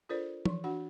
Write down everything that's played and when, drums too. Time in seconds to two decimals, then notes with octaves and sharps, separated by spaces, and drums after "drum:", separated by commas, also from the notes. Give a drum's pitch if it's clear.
0.09 D4 F4 A4 A#4 C5 D5
0.46 E3 C6, drum: tom
0.64 D4 F#4 F#5